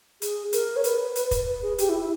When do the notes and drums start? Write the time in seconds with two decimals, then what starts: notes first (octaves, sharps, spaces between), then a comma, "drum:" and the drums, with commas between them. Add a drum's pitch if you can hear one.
0.22 G#4, drum: hi-hat
0.53 A#4, drum: hi-hat
0.76 C#5
0.84 B4, drum: hi-hat
1.15 drum: hi-hat
1.31 drum: kick, hi-hat
1.47 B4
1.62 G#4
1.78 G4, drum: hi-hat
1.89 E4
2.00 E4